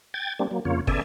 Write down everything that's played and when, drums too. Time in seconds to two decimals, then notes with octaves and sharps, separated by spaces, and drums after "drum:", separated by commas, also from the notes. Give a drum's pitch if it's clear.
0.14 G5 G#6 A6
0.39 G3 A#3 C4 D4
0.51 F#3 A#3
0.65 F2 C#3 A#3 F4 C#5
0.87 C#3 B3 A4 D5 E5 G#5, drum: kick